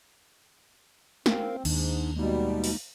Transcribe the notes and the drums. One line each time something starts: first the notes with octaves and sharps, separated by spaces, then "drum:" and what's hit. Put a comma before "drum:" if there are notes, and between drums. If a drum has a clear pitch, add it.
C4 A#4 F5, drum: snare
D#2 G#2 D4, drum: cymbal
B2 G3 G#3 A#3 D#4
drum: open hi-hat